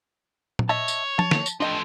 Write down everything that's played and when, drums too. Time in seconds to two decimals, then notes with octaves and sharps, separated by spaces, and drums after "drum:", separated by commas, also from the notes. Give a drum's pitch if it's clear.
0.59 drum: tom A#2
0.69 C#5 D#5 E5 A5
0.88 drum: tambourine
1.19 A5, drum: tom F3
1.31 drum: snare
1.46 drum: tambourine
1.60 F3 A3 D4 D#5 G5